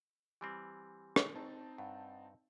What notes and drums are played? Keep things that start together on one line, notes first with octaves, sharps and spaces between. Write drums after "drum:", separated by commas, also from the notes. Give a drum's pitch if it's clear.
E3 G3 C4 G4 G#5 C6
drum: rim click
C4 D#4 A5
G2 F#5